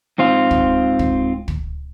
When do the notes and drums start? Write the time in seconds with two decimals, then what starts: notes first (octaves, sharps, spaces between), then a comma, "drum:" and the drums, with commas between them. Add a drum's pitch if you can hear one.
0.18 G#2 C4 F4
0.51 drum: kick
0.99 drum: kick
1.48 drum: kick